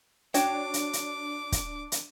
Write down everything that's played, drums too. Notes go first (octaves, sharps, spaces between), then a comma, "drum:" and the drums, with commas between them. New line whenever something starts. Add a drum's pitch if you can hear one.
D4 F#4 C#5 G5 D6, drum: hi-hat
drum: hi-hat
drum: hi-hat
drum: kick, hi-hat
drum: hi-hat